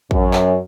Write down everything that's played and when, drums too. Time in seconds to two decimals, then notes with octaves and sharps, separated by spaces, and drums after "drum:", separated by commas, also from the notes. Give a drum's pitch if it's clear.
0.11 F#2, drum: kick
0.33 drum: clap